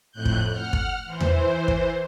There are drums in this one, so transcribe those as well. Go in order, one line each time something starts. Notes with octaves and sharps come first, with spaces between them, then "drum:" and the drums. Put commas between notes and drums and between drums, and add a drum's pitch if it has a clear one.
F2 A2 F#6 G6
drum: kick
F#5 F6
drum: kick
E3 C5
drum: tom E2
drum: kick